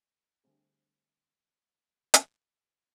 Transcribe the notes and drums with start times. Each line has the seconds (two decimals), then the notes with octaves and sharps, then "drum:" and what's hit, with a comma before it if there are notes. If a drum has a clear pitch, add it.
0.44 D3 G3 A3 C4 G#4
2.14 drum: hi-hat